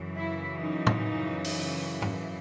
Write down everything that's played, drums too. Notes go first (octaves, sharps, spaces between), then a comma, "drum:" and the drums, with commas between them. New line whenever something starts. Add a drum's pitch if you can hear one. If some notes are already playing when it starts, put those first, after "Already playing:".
Already playing: F#2 C#3 E3
E4
D#4
drum: tom
drum: open hi-hat
drum: tom